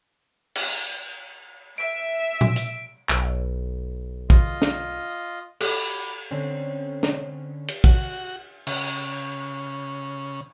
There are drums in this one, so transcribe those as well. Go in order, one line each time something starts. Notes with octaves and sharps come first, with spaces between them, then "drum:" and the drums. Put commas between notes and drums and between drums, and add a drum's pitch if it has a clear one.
drum: cymbal
E5 D7
drum: tom A#2
drum: hi-hat
B1, drum: clap
F4 D#5, drum: kick
drum: snare
F#4 G4 A4 B5 D6, drum: cymbal
D3 C4 C#4 C#5
drum: snare
drum: cymbal
F#4, drum: kick
C#3, drum: cymbal